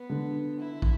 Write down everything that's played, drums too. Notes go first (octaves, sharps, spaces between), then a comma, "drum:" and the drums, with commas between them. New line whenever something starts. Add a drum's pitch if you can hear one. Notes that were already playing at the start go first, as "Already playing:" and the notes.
Already playing: B3
D3
E4
drum: kick